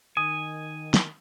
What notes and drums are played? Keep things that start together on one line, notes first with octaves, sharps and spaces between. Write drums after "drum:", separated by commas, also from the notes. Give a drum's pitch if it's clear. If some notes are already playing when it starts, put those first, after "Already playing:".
D#3 G#5 D#6
drum: snare